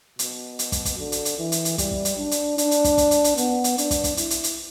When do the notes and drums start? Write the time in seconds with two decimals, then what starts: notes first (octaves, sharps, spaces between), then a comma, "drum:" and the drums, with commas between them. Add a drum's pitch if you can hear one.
0.19 B2, drum: hi-hat
0.59 drum: hi-hat
0.72 drum: kick, hi-hat
0.85 drum: kick, hi-hat
0.99 D3
1.12 drum: hi-hat
1.25 drum: hi-hat
1.38 E3
1.52 drum: hi-hat
1.65 drum: hi-hat
1.78 G3, drum: kick, hi-hat
1.92 drum: kick
2.05 drum: hi-hat
2.18 D4
2.31 drum: hi-hat
2.58 D4, drum: hi-hat
2.71 drum: hi-hat
2.84 drum: kick, hi-hat
2.98 drum: kick, hi-hat
3.11 drum: hi-hat
3.24 drum: hi-hat
3.37 B3, drum: hi-hat
3.64 drum: hi-hat
3.78 D4, drum: hi-hat
3.91 drum: kick, hi-hat
4.04 drum: kick, hi-hat
4.17 E4, drum: hi-hat
4.30 drum: hi-hat
4.44 drum: hi-hat